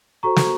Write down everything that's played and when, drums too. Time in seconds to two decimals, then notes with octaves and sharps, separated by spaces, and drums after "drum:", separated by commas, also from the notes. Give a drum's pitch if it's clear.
0.23 F#4 A4 C5 A#5 C#6
0.36 drum: snare